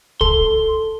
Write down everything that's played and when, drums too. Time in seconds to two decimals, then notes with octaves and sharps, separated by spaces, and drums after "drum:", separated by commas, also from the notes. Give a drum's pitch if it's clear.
0.21 A4 C6, drum: kick